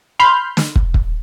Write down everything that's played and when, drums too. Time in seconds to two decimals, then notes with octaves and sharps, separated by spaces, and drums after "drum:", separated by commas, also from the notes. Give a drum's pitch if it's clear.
0.19 B5 C6 F6 G6
0.57 drum: snare
0.76 drum: kick
0.94 drum: kick